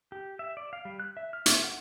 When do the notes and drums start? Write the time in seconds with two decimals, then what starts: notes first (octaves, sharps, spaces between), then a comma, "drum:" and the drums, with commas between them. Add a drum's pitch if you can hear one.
0.12 G4
0.39 E5
0.57 D5
0.73 F5
0.85 G3
1.00 F#6
1.17 E5
1.33 F6
1.46 E5, drum: hi-hat
1.64 F#5